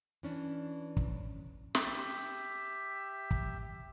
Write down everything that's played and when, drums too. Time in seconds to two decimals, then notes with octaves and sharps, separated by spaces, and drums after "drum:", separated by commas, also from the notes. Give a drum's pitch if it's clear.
0.23 E3 C#4 D4
0.97 drum: kick
1.75 G4 E5, drum: snare
3.31 drum: kick